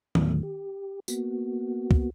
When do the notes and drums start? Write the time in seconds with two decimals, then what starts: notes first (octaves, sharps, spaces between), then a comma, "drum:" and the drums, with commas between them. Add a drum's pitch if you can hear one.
0.15 D#2 A2 D3 D#3 F#3 A3, drum: tom D#3
0.43 G4
1.08 A#3 B3 F#4, drum: tambourine
1.91 drum: kick C#2